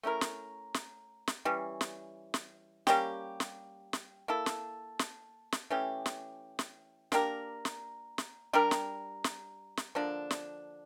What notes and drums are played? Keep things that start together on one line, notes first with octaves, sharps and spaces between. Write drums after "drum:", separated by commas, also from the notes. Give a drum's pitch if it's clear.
A3 C#4 E4 A#4
drum: snare
drum: snare
drum: snare
E3 G3 C#4
drum: snare
drum: snare
G3 A#3 C#4 G4, drum: snare
drum: snare
drum: snare
A#3 E4 A4
drum: snare
drum: snare
drum: snare
E3 A3 C#4 G4
drum: snare
drum: snare
A#3 D4 G4 A#4, drum: snare
drum: snare
drum: snare
G3 D4 G4 A#4
drum: snare
drum: snare
drum: snare
D3 F3 A#3 D4
drum: snare